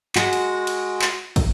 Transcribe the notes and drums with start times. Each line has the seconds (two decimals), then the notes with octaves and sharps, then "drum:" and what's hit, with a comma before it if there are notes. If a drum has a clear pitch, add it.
0.15 G#3 F#4, drum: clap
0.33 drum: cymbal
0.67 drum: cymbal
1.02 drum: clap
1.36 drum: kick, cymbal